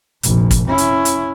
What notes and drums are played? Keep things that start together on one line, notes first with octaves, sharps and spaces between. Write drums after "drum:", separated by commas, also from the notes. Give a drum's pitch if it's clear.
F1 A#1, drum: hi-hat
drum: kick, hi-hat
C#4 E4
drum: hi-hat
drum: hi-hat